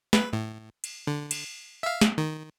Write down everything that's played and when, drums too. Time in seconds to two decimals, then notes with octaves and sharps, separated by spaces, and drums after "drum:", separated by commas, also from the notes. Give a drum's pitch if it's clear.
0.13 B4, drum: snare
0.33 A2
0.84 drum: cymbal
1.07 D3
1.31 drum: cymbal
1.83 E5 F5
2.01 drum: snare
2.18 D#3